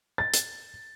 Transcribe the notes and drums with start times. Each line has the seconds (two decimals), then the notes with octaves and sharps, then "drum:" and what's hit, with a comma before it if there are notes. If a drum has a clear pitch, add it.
0.18 A6
0.34 drum: hi-hat